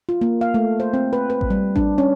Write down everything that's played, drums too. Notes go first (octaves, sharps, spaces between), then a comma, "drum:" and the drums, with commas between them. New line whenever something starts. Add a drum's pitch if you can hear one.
F4
A#3
F5
A3
C5
C4
B4
B4
drum: kick A1
G3
D4, drum: kick A1
C#4